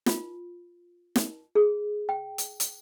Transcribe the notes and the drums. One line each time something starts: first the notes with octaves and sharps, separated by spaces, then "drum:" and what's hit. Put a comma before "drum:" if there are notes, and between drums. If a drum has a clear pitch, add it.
F4, drum: snare
drum: snare
G#4
G5
drum: hi-hat
drum: hi-hat